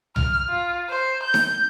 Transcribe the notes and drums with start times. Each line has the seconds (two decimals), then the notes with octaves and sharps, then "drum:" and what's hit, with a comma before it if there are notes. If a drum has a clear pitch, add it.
0.16 F6, drum: tom C2
0.50 F4
0.90 C5
1.23 G6
1.34 drum: snare D#4